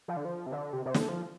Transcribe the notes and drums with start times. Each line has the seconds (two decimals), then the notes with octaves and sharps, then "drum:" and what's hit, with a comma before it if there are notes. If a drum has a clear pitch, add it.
0.08 F3
0.17 D3
0.25 F3
0.46 C3
0.52 D3
0.73 C3
0.86 C3
0.94 D3, drum: snare
1.09 F3